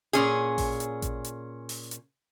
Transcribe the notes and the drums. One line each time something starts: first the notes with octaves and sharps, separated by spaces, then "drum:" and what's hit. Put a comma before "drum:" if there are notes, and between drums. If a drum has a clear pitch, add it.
A#2 C#4 G#4, drum: hi-hat
drum: kick A1, open hi-hat
drum: hi-hat
drum: kick A1, hi-hat
drum: hi-hat
drum: open hi-hat
drum: hi-hat